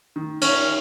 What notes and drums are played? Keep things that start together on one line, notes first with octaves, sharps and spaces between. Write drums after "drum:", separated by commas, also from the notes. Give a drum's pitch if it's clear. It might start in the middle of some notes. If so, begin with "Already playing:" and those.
D#3
D#3 C#4, drum: cymbal